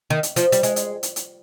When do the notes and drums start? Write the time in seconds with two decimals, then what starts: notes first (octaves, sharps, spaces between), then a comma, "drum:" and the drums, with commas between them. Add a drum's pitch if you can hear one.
0.10 D#3
0.23 drum: hi-hat
0.36 F3, drum: hi-hat
0.52 G3, drum: hi-hat
0.63 G#3, drum: hi-hat
0.76 drum: hi-hat
1.03 drum: hi-hat
1.16 drum: hi-hat